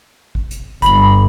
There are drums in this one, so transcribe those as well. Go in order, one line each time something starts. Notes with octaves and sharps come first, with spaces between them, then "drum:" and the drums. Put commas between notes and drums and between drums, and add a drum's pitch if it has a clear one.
drum: kick A1
drum: hi-hat
G1 B5 F#7, drum: kick A1, hi-hat